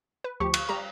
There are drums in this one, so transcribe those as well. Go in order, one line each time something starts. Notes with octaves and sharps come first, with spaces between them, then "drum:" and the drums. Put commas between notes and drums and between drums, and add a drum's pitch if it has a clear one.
B4
D2 F3 G4 C#6
drum: cymbal
G3 G4 A#5